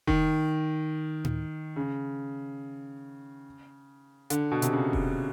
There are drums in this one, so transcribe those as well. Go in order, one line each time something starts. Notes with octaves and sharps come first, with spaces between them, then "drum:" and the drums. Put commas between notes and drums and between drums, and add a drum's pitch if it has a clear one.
D#3, drum: kick F1
drum: tom A2
C#3
D3, drum: hi-hat
B2
C3, drum: hi-hat
C#3
drum: kick F1